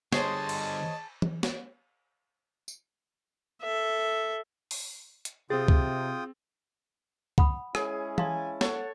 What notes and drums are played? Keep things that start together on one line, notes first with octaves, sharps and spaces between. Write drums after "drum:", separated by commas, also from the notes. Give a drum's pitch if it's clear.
D3 G3 G#4 C5 C#5 D#5 A5 C6, drum: snare
drum: cymbal
drum: tom E3
drum: snare
drum: tambourine
A4 E5
drum: open hi-hat
drum: hi-hat
C3 C4 F4 G#4 G5 D#6 A6
drum: kick
F#5 B5 D#6, drum: kick
G#3 C#4 E4 G#4 C#5, drum: rim click
F5 G#5 A5 C6, drum: tom E3
A4 C#5 F#5 C#6, drum: snare